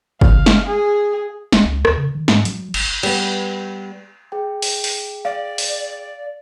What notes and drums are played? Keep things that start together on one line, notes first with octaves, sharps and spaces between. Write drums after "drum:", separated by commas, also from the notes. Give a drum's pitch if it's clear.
F5, drum: kick
drum: snare
G#4
F#1, drum: snare
C#2
D#2, drum: rim click
C#3
D#3
G#2, drum: snare
F#3, drum: hi-hat
G1, drum: cymbal
G3 B3, drum: cymbal
G#4 G5
drum: open hi-hat
drum: open hi-hat
D5 F5
drum: open hi-hat